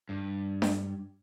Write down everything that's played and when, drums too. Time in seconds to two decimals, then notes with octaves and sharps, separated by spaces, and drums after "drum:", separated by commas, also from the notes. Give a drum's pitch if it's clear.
0.09 G2
0.62 drum: snare D4